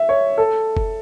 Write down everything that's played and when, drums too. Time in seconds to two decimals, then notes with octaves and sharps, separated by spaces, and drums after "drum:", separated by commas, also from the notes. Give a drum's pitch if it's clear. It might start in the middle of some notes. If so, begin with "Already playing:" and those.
Already playing: E5
0.09 C#5
0.38 A4
0.77 drum: kick F#1